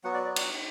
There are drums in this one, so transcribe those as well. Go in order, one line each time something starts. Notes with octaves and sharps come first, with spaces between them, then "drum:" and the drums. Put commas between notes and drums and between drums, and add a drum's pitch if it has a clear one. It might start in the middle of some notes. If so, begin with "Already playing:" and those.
F#3 B3 F#4 F#5
D5
D5
D5, drum: cymbal